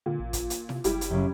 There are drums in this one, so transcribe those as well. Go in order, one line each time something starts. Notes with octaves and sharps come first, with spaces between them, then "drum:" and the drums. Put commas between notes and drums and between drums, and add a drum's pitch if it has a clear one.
A#2 D3
A1
drum: kick, hi-hat
drum: hi-hat
C3, drum: snare E4
F#1 G3 E4 G4, drum: hi-hat
drum: hi-hat
F#2 C#3